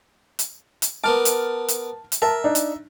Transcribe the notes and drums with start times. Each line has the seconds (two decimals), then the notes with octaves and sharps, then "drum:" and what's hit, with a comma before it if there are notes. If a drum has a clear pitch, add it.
0.39 drum: hi-hat
0.82 drum: hi-hat
1.04 B3 A#4 A5 D6 F6
1.25 drum: hi-hat
1.68 drum: hi-hat
2.12 drum: hi-hat
2.22 A#4 E5 A5
2.44 D4 D#4
2.55 drum: hi-hat